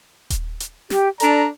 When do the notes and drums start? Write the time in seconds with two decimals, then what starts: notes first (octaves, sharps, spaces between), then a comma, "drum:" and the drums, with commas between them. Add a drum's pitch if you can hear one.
0.30 drum: kick D#1, hi-hat
0.60 drum: hi-hat
0.90 G4, drum: snare
1.20 D4 A4 D5 A#5, drum: hi-hat